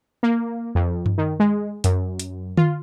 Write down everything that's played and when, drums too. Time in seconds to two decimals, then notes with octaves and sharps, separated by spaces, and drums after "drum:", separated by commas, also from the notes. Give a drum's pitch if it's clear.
0.23 A#3
0.75 F2
1.06 drum: tom G2
1.18 D#3
1.40 G#3
1.84 F#2, drum: hi-hat
2.19 drum: hi-hat
2.57 F4, drum: tom D3